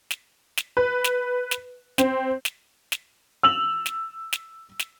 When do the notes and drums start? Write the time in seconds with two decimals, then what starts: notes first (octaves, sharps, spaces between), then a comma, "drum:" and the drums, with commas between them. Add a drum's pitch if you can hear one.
0.11 drum: snare
0.57 drum: snare
0.77 B4
1.04 drum: snare
1.51 drum: snare
1.98 C4, drum: snare
2.45 drum: snare
2.92 drum: snare
3.43 E6 F7 F#7
3.86 drum: snare
4.33 drum: snare
4.79 drum: snare